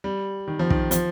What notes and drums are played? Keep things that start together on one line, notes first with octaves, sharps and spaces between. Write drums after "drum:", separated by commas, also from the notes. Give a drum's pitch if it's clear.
G3
D#3
F3
D#3, drum: kick
F3, drum: hi-hat